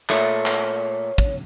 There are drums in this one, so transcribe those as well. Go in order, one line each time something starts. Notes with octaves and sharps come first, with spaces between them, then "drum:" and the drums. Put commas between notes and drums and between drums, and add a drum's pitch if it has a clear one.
A#2 A3 C#5, drum: clap
drum: clap
drum: kick